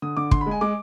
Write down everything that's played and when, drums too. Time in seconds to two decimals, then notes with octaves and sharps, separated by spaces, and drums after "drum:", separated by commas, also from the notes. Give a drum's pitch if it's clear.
0.02 D3 D#6
0.17 D3 D6
0.31 D3 C6, drum: kick
0.41 B5
0.46 G#3
0.51 G#5
0.61 G#3 D6